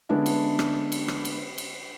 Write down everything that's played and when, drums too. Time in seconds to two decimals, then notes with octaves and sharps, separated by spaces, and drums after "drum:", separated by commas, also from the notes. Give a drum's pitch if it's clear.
0.09 D3 G#3 B3 C#4 D4 E4
0.26 drum: cymbal
0.59 drum: rim click
0.92 drum: cymbal
1.08 drum: rim click
1.25 drum: cymbal
1.58 drum: cymbal